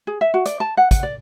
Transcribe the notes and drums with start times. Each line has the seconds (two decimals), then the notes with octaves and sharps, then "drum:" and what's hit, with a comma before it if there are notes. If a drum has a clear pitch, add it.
0.07 G#4
0.21 E5
0.34 F#4
0.46 D5, drum: hi-hat
0.60 A5
0.77 F#5
0.91 F#5, drum: kick, hi-hat
1.03 D5